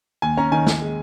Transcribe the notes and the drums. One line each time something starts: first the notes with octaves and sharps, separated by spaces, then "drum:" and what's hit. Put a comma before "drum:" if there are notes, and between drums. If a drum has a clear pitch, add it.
D#2 G#5
C#4 A#5
D#3 G#5
D#2, drum: snare
G#3